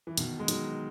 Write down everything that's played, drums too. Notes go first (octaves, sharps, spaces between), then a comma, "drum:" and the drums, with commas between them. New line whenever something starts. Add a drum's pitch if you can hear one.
E3
B2 D#3, drum: hi-hat
G#3
D#3 F#3, drum: hi-hat